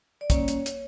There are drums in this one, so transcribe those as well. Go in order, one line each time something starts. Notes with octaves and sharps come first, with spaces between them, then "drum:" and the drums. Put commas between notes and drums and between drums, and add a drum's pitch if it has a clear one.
D5
G3 A#3 C#4 C#5, drum: kick, hi-hat
drum: hi-hat
drum: hi-hat